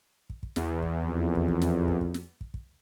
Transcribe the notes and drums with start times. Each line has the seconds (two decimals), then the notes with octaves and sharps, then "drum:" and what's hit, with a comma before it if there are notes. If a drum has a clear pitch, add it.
0.30 drum: kick
0.43 drum: kick
0.56 E2, drum: snare
0.82 drum: kick
1.04 F2
1.35 drum: kick
1.48 drum: kick
1.62 drum: snare
1.88 drum: kick
2.01 drum: kick
2.14 drum: snare
2.41 drum: kick
2.54 drum: kick